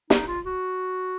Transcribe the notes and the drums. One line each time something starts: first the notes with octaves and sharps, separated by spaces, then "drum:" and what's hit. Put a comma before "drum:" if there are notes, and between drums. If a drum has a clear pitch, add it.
D#4, drum: snare
F4
F#4